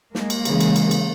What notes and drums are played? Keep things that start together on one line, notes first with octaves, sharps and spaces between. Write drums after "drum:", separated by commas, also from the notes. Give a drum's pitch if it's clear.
G#3 A#3, drum: snare
drum: cymbal
C#3 E3 G#3, drum: cymbal
drum: cymbal
drum: cymbal
drum: cymbal